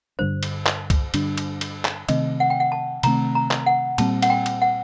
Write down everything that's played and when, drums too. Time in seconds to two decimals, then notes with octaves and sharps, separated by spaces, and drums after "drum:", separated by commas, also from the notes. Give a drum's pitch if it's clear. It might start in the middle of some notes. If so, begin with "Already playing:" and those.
0.19 G2 D3 G3 D4 C5
0.43 drum: cymbal
0.66 drum: clap
0.90 drum: kick C2, cymbal
1.14 G2 D3 G3 D4, drum: cymbal
1.37 drum: cymbal
1.61 drum: cymbal
1.85 drum: clap
2.08 C3 D#3 A3 C4 D#5, drum: cymbal
2.40 F#5
2.50 G5
2.60 F#5
2.72 A5
3.03 C3 D#3 A3 C4 A#5, drum: cymbal
3.35 A#5
3.51 drum: clap
3.66 F#5
3.98 A#2 G3 C4 A5, drum: cymbal
4.22 F#5, drum: cymbal
4.30 G5
4.46 drum: cymbal
4.62 F#5